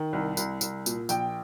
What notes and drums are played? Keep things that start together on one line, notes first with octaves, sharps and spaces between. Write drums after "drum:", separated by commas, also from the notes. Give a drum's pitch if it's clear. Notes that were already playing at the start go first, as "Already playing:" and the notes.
Already playing: D#3
C2
C2, drum: tambourine
C2, drum: tambourine
A#2, drum: tambourine
A#1 G5, drum: tambourine